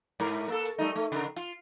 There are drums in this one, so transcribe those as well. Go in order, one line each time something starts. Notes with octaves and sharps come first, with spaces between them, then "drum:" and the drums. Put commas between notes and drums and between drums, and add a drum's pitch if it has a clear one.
G#2 A#4, drum: hi-hat
A#3 A4
drum: hi-hat
G3 A3 D#4
A3
C#3 A#4, drum: hi-hat
F4, drum: hi-hat